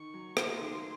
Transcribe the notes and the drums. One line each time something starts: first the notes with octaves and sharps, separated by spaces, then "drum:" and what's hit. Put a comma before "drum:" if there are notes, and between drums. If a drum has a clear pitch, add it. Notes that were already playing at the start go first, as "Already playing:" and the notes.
Already playing: D#3 C#6
F#3
A3 C6, drum: rim click
D#3